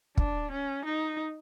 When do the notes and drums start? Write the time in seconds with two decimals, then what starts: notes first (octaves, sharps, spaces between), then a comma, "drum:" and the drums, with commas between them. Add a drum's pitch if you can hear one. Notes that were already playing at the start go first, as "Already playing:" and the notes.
0.17 D4, drum: kick
0.51 C#4
0.85 D#4